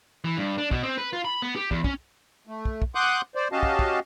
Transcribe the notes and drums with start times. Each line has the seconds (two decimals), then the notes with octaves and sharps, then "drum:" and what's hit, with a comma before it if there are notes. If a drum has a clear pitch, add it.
0.24 E3
0.37 G2
0.58 D4
0.71 B2, drum: kick
0.83 C4
0.98 B4
1.13 F4
1.25 B5
1.42 B3
1.56 G4
1.71 E2, drum: kick
1.84 C#4, drum: kick
2.47 A3
2.65 drum: kick
2.82 drum: kick
2.95 F#5 C6 D6 D#6 F#6 G6
3.35 C5 D5
3.52 C#4 F#4 G4 D#5 F5 A5
3.63 drum: kick
3.79 drum: kick